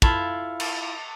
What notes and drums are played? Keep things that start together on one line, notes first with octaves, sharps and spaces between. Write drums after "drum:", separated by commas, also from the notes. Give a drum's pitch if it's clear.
E4 F4 A4 F5, drum: kick
drum: cymbal